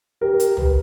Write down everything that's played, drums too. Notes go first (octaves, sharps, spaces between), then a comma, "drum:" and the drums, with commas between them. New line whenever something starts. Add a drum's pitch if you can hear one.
G4 A#4
drum: hi-hat
B4, drum: tom